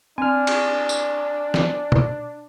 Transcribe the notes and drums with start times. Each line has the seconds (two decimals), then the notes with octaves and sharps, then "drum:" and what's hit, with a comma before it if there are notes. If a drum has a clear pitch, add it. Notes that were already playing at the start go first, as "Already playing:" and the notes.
0.18 C4 D4 G#5 F6
0.47 drum: cymbal
0.89 drum: tambourine
1.54 drum: snare
1.92 drum: tom